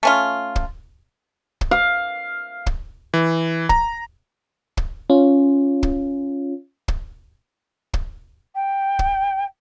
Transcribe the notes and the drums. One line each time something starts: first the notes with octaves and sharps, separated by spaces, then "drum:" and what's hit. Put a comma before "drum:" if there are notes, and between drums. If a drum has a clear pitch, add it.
A3 C#4 F4
drum: kick
drum: kick
F5
drum: kick
E3
A#5, drum: kick
drum: kick
C#4 F4
drum: kick
drum: kick
drum: kick
G5
drum: kick